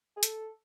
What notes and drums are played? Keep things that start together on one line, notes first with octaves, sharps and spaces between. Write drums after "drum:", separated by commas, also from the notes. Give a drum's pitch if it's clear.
G#4
A4, drum: hi-hat